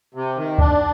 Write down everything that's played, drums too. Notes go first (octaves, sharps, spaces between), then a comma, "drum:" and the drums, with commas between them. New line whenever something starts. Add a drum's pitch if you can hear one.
C3
D#3
D4, drum: kick